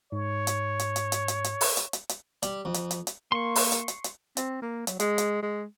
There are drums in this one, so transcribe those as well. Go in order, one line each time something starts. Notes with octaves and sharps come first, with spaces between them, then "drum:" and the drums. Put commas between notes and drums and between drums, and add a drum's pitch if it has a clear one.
G#2 C#5
drum: hi-hat
drum: hi-hat
drum: hi-hat
drum: hi-hat
drum: hi-hat
drum: hi-hat
drum: open hi-hat
drum: hi-hat
drum: hi-hat
drum: hi-hat
G3, drum: hi-hat
F2
drum: hi-hat
drum: hi-hat
drum: hi-hat
A#3 C6 C#6
drum: open hi-hat
drum: hi-hat
drum: hi-hat
drum: hi-hat
C4, drum: hi-hat
A#3
F#3, drum: hi-hat
G#3, drum: hi-hat
drum: hi-hat
G#3